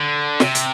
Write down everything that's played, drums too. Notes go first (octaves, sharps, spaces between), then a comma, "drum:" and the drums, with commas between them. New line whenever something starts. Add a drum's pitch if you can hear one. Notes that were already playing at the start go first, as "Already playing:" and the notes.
Already playing: D3
C3, drum: snare
drum: hi-hat